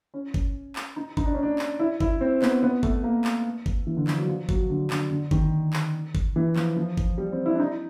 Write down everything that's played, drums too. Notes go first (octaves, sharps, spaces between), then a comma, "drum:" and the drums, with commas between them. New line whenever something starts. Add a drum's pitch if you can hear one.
C#4
drum: kick G1
drum: clap
D#4
D#4, drum: kick G1
D4
C#4
D4
drum: clap
E4
E4, drum: kick G1
C4
B3, drum: clap
B3
A3, drum: kick G1
A#3
drum: clap
drum: kick G1
E3
D3
F3, drum: clap
F#3
F3
F#3, drum: kick G1
D3
D3, drum: clap
D3
D#3, drum: kick G1
drum: clap
drum: kick G1
E3
F3, drum: clap
F3
drum: kick G1
G3
C4
E4
D4
D#4